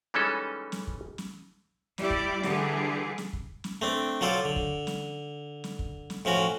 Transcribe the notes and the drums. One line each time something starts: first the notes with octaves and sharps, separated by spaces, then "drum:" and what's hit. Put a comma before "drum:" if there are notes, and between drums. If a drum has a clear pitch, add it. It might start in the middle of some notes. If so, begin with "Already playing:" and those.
E3 G3 G#3 C#4 D#4 A4
drum: snare
drum: kick
drum: snare
G3 E4 G4 D5, drum: snare
drum: kick
D3 E3 G3 G4 G#4, drum: snare
drum: snare
drum: kick
drum: snare
A3 C4 D4
F#3 F4 A4 C5 D5
D3
drum: kick
drum: snare
drum: snare
drum: kick
drum: snare
A2 F3 C#4 F#4